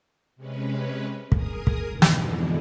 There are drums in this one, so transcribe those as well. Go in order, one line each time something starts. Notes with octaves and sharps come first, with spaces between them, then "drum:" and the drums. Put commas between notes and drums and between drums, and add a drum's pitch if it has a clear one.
C3 G#3 C#4 B4
G#4 A#4 D#6, drum: kick
drum: kick
F2 G#2 B2 D3 E3
drum: snare